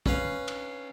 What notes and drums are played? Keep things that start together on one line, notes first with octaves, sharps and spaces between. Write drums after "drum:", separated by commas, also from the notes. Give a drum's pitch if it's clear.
C#4 B4 F5, drum: kick
drum: cymbal